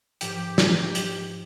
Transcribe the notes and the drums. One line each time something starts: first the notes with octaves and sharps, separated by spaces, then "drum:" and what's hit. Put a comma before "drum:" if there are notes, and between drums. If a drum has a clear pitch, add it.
G#2 F3 F4 G4, drum: hi-hat
drum: snare
drum: hi-hat